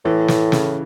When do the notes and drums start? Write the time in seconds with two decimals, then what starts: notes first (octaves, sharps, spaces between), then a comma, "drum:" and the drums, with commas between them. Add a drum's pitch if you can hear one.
0.05 A2 E3
0.28 E3, drum: snare
0.52 C#3, drum: snare